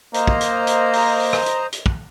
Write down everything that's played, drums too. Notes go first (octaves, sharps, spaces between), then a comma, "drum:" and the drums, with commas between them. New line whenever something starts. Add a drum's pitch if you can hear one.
A#3 C5 D#5 A#5, drum: hi-hat
drum: kick
drum: hi-hat
drum: hi-hat
drum: open hi-hat
drum: open hi-hat
drum: rim click
drum: hi-hat
drum: hi-hat
drum: kick